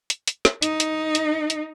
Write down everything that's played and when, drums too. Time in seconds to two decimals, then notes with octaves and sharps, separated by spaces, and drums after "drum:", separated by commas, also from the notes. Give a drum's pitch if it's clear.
0.10 drum: hi-hat
0.27 drum: hi-hat
0.45 drum: snare
0.62 D#4, drum: hi-hat
0.80 drum: hi-hat
1.15 drum: hi-hat
1.50 drum: hi-hat